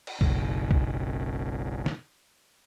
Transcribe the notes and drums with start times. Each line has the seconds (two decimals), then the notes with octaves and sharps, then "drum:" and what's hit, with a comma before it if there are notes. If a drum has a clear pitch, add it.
0.07 drum: cymbal
0.21 F#1 B1, drum: kick
0.71 drum: kick
1.86 drum: snare